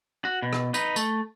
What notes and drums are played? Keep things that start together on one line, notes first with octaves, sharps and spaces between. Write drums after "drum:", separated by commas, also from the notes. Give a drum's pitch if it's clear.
F#4
B2
drum: rim click
D#4 B4, drum: tambourine
A3, drum: tambourine